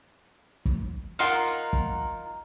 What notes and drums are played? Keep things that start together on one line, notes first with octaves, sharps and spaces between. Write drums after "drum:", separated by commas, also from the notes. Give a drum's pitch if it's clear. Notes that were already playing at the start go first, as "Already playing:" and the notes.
drum: kick
D#4 F4 A#4 F#5 C6 F6
drum: hi-hat
drum: kick